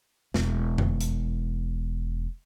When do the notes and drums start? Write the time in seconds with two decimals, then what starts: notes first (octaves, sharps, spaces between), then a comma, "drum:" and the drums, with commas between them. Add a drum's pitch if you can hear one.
0.34 E1 E4, drum: snare
0.78 drum: tom F2
1.01 drum: hi-hat